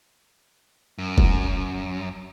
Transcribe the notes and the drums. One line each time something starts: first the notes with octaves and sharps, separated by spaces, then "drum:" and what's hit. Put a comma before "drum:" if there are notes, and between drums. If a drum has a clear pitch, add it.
F#2
drum: kick